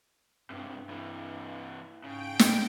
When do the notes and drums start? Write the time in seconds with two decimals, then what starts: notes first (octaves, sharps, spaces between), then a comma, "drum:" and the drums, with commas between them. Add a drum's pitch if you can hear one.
0.50 C#2 G2 C3
0.89 C3 E3
2.04 G#2 C#3 G5 D7
2.39 drum: snare